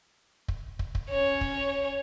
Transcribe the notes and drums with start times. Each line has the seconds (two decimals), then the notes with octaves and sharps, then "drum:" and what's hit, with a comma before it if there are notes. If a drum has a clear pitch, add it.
0.48 drum: kick
0.79 drum: kick
0.95 drum: kick
1.10 C#4 C#5
1.41 drum: kick